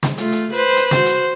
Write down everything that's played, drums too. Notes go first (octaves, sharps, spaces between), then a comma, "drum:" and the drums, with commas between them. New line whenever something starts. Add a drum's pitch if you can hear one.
drum: snare
A3 F4, drum: hi-hat
drum: hi-hat
B4 C5
drum: hi-hat
F#4 C5, drum: snare
drum: hi-hat